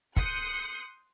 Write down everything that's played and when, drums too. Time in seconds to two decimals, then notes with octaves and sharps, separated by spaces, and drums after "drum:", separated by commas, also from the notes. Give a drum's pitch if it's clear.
0.16 C6 D#6 F#6 G6 C7 C#7, drum: kick